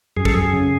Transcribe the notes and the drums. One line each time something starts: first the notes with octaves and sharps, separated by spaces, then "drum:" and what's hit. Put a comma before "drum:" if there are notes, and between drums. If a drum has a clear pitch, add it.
F#2 G#4
A4, drum: kick
F#2 G#4
C#3